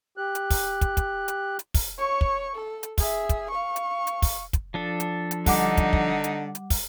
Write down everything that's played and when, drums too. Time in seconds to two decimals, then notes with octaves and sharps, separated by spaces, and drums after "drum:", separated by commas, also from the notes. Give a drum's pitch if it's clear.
0.17 G4 F#6
0.35 drum: hi-hat
0.50 drum: kick, open hi-hat
0.81 drum: kick, hi-hat
0.97 drum: kick, hi-hat
1.28 drum: hi-hat
1.59 drum: hi-hat
1.74 drum: kick, open hi-hat
1.98 C#5 C#6
2.21 drum: kick
2.55 A4
2.83 drum: hi-hat
2.98 G#4 E5, drum: kick, open hi-hat
3.29 drum: kick, hi-hat
3.50 F5 C#6
3.76 drum: hi-hat
4.07 drum: hi-hat
4.22 drum: kick, open hi-hat
4.53 drum: kick, hi-hat
4.74 F3 D4 A4
5.00 drum: hi-hat
5.31 drum: hi-hat
5.46 D3 G3 D#4 F#5 D6, drum: kick, open hi-hat
5.77 drum: kick, hi-hat
5.93 drum: kick
6.24 drum: hi-hat
6.55 drum: hi-hat
6.70 drum: kick, open hi-hat